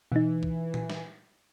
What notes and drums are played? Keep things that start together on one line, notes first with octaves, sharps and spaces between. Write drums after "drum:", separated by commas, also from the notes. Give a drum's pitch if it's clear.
B2 E3 D#4
drum: kick
drum: tom A#2
drum: snare